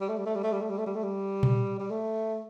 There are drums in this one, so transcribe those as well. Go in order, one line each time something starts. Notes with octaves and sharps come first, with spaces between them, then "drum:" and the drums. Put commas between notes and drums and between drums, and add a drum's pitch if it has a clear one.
G3
A3
G3
A3
G3
A3
G3
A3
G3
A3
G3
A3
G3
drum: tom A#2
G3
A3